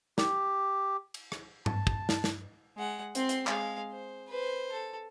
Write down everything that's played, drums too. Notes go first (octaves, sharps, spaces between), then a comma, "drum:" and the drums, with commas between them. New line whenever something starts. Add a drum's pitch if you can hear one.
G4, drum: snare
drum: cymbal
drum: rim click
G2 A5, drum: tom G#2
drum: kick
drum: snare
drum: snare
G#3 F#5
C4 C6, drum: hi-hat
drum: hi-hat
G#3 F5, drum: clap
C5
B4 C5
A4